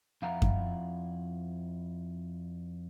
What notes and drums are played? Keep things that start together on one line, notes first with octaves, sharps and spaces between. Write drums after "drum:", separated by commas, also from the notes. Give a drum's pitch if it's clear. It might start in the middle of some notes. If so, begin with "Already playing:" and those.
F2 E4 F5 F#5 A#5
drum: kick F#2